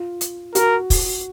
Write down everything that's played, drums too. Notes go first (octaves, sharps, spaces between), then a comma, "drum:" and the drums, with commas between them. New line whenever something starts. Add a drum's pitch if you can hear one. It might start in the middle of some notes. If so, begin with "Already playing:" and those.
Already playing: F4
drum: hi-hat
F#4 A#4, drum: hi-hat
drum: kick, open hi-hat